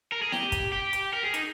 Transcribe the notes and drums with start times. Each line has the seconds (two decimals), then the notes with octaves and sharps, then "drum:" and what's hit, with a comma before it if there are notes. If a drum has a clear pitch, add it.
0.12 A#4
0.22 G#4
0.32 G4, drum: snare E4
0.52 drum: kick, hi-hat
0.72 G4
0.93 drum: hi-hat
1.13 A#4
1.24 G#4
1.34 D#4, drum: hi-hat